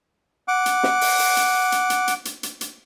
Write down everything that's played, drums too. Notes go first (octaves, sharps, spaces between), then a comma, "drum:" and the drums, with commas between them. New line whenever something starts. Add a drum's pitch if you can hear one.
F#5 D6
drum: hi-hat
drum: snare
drum: open hi-hat
drum: open hi-hat
drum: hi-hat
drum: hi-hat
drum: hi-hat
drum: hi-hat
drum: hi-hat
drum: hi-hat
drum: hi-hat